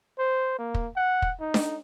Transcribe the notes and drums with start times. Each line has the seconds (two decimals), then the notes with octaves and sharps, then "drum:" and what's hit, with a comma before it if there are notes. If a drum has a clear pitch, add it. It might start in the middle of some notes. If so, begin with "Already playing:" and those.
0.19 C5
0.59 A#3
0.74 drum: kick
0.96 F#5
1.22 drum: kick
1.40 D#4
1.54 drum: snare D4